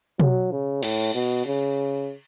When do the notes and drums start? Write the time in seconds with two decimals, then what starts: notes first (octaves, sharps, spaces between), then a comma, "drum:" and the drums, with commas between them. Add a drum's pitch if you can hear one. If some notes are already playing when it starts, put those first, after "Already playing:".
0.20 F#3, drum: tom B2
0.52 C#3
0.83 A2, drum: cymbal
1.14 B2
1.46 C#3